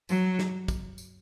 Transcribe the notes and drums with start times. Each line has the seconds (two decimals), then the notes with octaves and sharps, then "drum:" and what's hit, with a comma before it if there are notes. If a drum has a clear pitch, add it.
0.09 F#3, drum: tambourine
0.39 drum: snare
0.68 drum: kick, tambourine
0.98 drum: tambourine